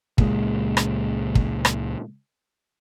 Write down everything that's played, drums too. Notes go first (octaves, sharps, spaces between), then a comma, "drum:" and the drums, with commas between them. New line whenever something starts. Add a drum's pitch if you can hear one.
C#2 A#2 G#3, drum: kick
drum: rim click
drum: kick
drum: rim click